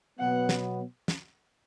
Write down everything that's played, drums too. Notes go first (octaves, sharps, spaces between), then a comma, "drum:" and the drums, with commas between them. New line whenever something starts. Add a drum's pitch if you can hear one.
B2 F#3 B3 F#5
drum: snare
drum: snare